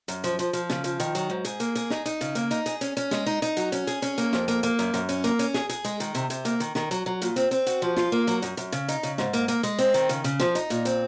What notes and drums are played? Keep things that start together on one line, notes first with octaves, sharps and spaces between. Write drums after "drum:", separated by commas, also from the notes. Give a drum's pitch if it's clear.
F#2, drum: hi-hat
F3, drum: hi-hat
F3, drum: hi-hat
F3, drum: hi-hat
C#3, drum: snare
F3, drum: hi-hat
D#3, drum: hi-hat
F#3, drum: hi-hat
G#2
G#4, drum: hi-hat
A#3, drum: hi-hat
G#4, drum: hi-hat
D#4, drum: snare
D#4, drum: hi-hat
C#3, drum: hi-hat
A#3, drum: hi-hat
D#4, drum: hi-hat
G#4, drum: hi-hat
C#4, drum: hi-hat
C#4, drum: hi-hat
G#3, drum: snare
D#4
D#4, drum: hi-hat
F#3, drum: hi-hat
C#4, drum: hi-hat
G#4, drum: hi-hat
C#4, drum: hi-hat
A#3, drum: hi-hat
F2, drum: snare
A#3, drum: hi-hat
A#3, drum: hi-hat
F#2, drum: hi-hat
F#2, drum: hi-hat
C#4, drum: hi-hat
A#3, drum: hi-hat
C#4, drum: hi-hat
G#4, drum: snare
G#4, drum: hi-hat
G#3, drum: hi-hat
D#3, drum: hi-hat
C3, drum: hi-hat
C3, drum: hi-hat
A#3, drum: hi-hat
D#3, drum: hi-hat
D#3, drum: snare
F#3, drum: hi-hat
F#3
A#2, drum: hi-hat
C4, drum: hi-hat
C4, drum: hi-hat
F#4, drum: hi-hat
F3
F4, drum: snare
A#3
F#3, drum: hi-hat
F#2, drum: hi-hat
F#2, drum: hi-hat
C#3, drum: hi-hat
D#4, drum: hi-hat
C#3, drum: hi-hat
G#2, drum: snare
A#3, drum: hi-hat
A#3, drum: hi-hat
G#3, drum: hi-hat
C4, drum: hi-hat
D#3, drum: hi-hat
C#3, drum: hi-hat
C#3, drum: hi-hat
F3, drum: snare
D#4, drum: hi-hat
A#2, drum: hi-hat
C4, drum: hi-hat